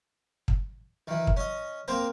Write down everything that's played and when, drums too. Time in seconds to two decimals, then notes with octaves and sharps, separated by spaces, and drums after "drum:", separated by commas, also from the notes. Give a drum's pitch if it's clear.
0.48 drum: kick
1.07 D#3 E3
1.27 drum: kick
1.37 C#4 D#5
1.88 A#3 C4 C5 A#5